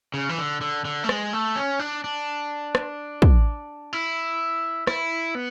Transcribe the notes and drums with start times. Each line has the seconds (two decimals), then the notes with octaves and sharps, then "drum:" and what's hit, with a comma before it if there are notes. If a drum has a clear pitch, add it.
0.14 C#3
0.29 E3
0.38 D3
0.61 D3
0.85 D3
1.04 A3
1.09 G#3, drum: rim click
1.33 A3
1.56 C#4
1.79 D4
2.04 D4
2.75 drum: rim click
3.22 drum: kick
3.93 E4
4.87 E4, drum: rim click
5.35 B3